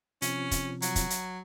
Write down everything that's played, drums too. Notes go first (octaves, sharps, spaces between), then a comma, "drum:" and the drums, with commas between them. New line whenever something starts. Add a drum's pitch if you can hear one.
C3 F3 C#4, drum: hi-hat
drum: kick, hi-hat
F#3, drum: hi-hat
drum: kick, hi-hat
drum: hi-hat